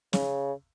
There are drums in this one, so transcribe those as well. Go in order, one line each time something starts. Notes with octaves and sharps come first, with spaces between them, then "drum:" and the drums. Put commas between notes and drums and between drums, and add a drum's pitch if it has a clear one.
C#3, drum: snare